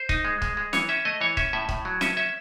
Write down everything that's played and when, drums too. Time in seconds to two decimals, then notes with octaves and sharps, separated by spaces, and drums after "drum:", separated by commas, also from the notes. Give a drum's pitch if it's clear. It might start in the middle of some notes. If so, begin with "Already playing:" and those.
Already playing: C5
0.09 D#4, drum: kick
0.25 G#3
0.42 G#3, drum: kick
0.57 G#3
0.73 E3 C#5, drum: snare
0.89 C#4 E5
1.05 A3 D#5
1.21 E3 C#5
1.37 C#4 E5, drum: kick
1.53 A2 E5
1.69 A2, drum: kick
1.85 F#3
2.01 C#4 E5, drum: snare
2.17 C#4 E5